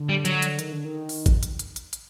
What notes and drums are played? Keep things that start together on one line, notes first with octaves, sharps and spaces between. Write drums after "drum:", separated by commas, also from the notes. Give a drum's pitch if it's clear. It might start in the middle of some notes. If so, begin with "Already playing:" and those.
Already playing: D3
G3
F#3, drum: hi-hat
drum: hi-hat
D#3, drum: hi-hat
D3
D#3
drum: open hi-hat
drum: kick, hi-hat
drum: hi-hat
drum: hi-hat
drum: hi-hat
drum: hi-hat